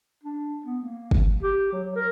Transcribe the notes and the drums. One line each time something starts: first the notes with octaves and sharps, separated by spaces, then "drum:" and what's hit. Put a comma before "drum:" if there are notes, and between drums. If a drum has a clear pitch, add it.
D4
B3
A#3
drum: kick
G4
F#3
A#4